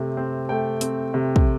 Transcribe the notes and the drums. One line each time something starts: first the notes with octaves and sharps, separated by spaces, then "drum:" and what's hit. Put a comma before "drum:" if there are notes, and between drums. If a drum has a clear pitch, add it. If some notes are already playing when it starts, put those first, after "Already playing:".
Already playing: C3 A3 C4
C4
A3 G5
C4, drum: hi-hat
C3
drum: kick